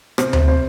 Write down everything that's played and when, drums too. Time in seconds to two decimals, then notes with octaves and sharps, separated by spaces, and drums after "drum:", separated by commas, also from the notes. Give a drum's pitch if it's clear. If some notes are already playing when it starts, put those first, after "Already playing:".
0.18 C3 C5, drum: rim click
0.33 C3 C5, drum: tom D2
0.48 C3 C5